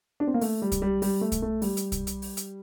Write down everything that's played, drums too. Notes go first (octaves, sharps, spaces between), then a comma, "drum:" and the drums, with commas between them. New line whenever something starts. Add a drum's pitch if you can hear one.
D4
C4
A#3
A3, drum: open hi-hat
G3
drum: kick, hi-hat
G3
G3, drum: open hi-hat
A3
drum: kick, hi-hat
A3
G3, drum: open hi-hat
drum: hi-hat
drum: kick, hi-hat
drum: hi-hat
drum: open hi-hat
drum: hi-hat